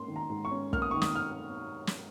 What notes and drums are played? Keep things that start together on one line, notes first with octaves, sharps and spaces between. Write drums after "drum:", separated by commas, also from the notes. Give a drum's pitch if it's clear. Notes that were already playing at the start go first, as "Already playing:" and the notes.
Already playing: G#2 A#3 C#4 C6
D#3
A#5
G#2
C#6
C#4
A#3 F6, drum: kick
D#6
D#3 C#6
D#6, drum: snare
F6
drum: snare